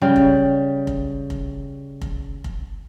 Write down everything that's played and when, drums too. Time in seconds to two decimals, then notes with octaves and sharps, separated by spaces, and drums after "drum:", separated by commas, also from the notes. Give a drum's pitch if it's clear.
0.02 C#3 G3 G5
0.16 drum: kick F1
0.87 drum: kick F1
1.30 drum: kick F1
2.02 drum: kick F1
2.44 drum: kick F1